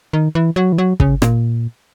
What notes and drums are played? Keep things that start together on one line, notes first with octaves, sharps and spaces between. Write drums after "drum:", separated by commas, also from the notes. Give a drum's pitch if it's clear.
D#3
E3
F#3
E3
F#3
C#3, drum: kick
A#2, drum: rim click